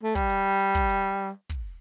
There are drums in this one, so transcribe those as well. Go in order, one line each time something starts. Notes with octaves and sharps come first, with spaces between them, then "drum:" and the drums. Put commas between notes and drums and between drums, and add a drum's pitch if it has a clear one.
A3
G3, drum: kick
drum: hi-hat
drum: hi-hat
drum: kick
drum: hi-hat
drum: kick, hi-hat